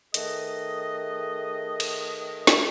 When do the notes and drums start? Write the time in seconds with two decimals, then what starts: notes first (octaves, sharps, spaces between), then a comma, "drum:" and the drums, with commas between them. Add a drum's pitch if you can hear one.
0.14 D#3 A3 G#4 B4 D#5, drum: hi-hat
1.80 drum: cymbal
2.47 drum: snare